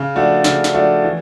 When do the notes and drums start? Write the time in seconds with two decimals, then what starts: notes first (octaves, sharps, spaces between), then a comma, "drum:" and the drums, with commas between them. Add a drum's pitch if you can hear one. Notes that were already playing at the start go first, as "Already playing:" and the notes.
Already playing: C#3
0.15 F3 A3 D4 F#4
0.44 C#3, drum: snare
0.64 drum: snare
0.74 F3 A3 D4 F#4
1.04 E3